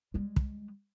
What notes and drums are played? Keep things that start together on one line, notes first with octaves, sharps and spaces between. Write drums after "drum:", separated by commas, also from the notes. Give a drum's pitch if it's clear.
G3 G#3
drum: kick